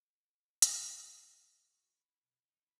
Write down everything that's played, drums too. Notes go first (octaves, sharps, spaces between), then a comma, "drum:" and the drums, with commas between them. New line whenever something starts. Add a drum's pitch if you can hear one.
drum: hi-hat
F#4
E4
B1
D#4
E4